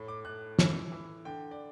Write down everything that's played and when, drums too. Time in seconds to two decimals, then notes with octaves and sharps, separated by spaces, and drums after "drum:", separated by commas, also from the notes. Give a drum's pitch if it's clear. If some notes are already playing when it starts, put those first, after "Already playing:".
Already playing: A2
0.08 D6
0.25 A2 F#6
0.59 E3, drum: snare
0.92 E3
1.25 D3 G5
1.51 D5